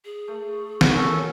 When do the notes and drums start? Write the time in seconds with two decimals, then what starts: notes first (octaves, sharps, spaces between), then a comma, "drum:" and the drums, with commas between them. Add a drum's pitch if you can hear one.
0.05 G#4
0.28 A3
0.81 A#2 F#3 C#6, drum: snare
0.96 C#4 A4